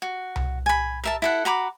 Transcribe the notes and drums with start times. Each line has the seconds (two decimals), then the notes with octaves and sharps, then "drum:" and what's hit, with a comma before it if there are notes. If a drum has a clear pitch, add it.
0.02 F#4
0.36 drum: tom C2
0.66 G#5 B5
1.04 A#4 E5 A5
1.22 E4 A4 F#5
1.45 F#4 A#5 B5 D6